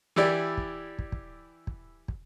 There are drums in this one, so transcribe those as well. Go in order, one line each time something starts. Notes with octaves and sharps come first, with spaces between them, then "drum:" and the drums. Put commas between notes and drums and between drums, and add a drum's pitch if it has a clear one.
E3 E4 G4 D5
drum: kick
drum: kick
drum: kick
drum: kick
drum: kick